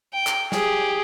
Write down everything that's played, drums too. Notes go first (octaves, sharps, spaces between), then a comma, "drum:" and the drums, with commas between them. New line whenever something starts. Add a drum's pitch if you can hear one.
G5
drum: clap
G4 G#4, drum: snare